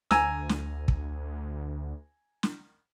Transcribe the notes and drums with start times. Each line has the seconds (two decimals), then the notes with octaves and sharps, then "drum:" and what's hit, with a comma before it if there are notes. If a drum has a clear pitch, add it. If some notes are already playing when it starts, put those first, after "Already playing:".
0.11 D2 G#5 A#5 E6, drum: snare
0.49 drum: snare
0.88 drum: kick
2.43 drum: snare